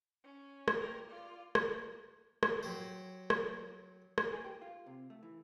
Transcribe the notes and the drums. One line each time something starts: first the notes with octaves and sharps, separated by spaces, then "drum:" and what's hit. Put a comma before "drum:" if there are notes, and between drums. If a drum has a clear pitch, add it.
C#4
drum: rim click
G4 A#4
F4 D5
drum: rim click
drum: rim click
F#3 G4 C5
drum: rim click
drum: rim click
G#4
G4
F4
C3
A3
E3